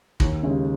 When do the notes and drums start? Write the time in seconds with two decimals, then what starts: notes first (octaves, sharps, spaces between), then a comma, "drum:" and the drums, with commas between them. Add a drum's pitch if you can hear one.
0.20 D#2, drum: kick
0.43 C#3 G#3 C#4 G4